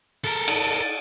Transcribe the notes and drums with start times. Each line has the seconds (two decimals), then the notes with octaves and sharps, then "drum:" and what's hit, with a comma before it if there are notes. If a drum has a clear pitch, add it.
0.24 A4 A#4
0.48 drum: cymbal